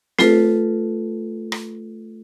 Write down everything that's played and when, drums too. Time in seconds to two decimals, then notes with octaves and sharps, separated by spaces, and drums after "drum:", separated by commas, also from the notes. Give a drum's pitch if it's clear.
0.19 A3 F4 A4 B4, drum: snare C4
1.52 drum: rim click